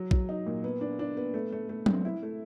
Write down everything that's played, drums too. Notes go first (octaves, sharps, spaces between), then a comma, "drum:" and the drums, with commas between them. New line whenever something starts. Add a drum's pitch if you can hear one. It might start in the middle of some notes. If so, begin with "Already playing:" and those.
Already playing: F#3
F#3, drum: kick A#1
D#4
A#2
B3
D4
D4
B3
A3
A3
A3
C4, drum: tom F#3
E4
A3